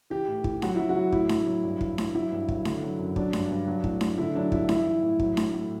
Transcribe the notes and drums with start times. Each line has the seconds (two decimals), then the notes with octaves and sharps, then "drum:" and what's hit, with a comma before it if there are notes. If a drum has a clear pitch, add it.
0.10 E3 G4
0.28 A2
0.44 E3, drum: kick
0.62 F#3 F#4, drum: snare D4
0.75 F#3 E4
0.89 F#4
0.95 F#3
1.12 A2 E4, drum: kick
1.29 F#3, drum: snare D4
1.46 F#3
1.64 G2
1.81 E3, drum: kick
1.98 E3, drum: snare D4
2.14 F#3 E4
2.32 G2
2.49 F#3, drum: kick
2.65 D3, drum: snare D4
2.83 F#3
2.99 F#2
3.16 F#3 D4, drum: kick
3.33 G2, drum: snare D4
3.51 G2
3.67 F#3
3.84 A2, drum: kick
4.01 A2, drum: snare D4
4.18 D3 E4
4.35 F#3 D4
4.52 G2 E4, drum: kick
4.69 E3 E4, drum: snare D4
4.87 E3
5.03 A2
5.20 F#3, drum: kick
5.37 A2, drum: snare D4
5.54 A2